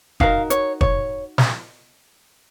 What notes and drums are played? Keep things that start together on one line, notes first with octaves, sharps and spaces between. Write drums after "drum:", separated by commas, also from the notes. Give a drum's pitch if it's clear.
D#4 F#4 A#4 F5, drum: kick
C#5, drum: hi-hat
C#5, drum: kick
drum: snare